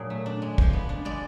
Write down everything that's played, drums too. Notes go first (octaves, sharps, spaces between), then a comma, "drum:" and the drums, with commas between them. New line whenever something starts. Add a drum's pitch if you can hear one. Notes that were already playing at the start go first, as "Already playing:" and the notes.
Already playing: A#2 F#3 D4 G#4
A3
D4
G#3
F3, drum: kick
B3
D4
G#3 D5